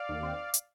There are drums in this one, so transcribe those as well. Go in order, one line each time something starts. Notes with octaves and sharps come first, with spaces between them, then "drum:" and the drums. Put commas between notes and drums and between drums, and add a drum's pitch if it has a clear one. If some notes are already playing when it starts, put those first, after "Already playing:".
Already playing: D5 F5
D#2
C4
drum: hi-hat